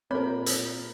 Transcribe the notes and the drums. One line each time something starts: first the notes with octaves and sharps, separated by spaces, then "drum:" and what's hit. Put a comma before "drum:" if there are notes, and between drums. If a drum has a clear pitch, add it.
A#2 C4 A#4 C#5 B5
drum: hi-hat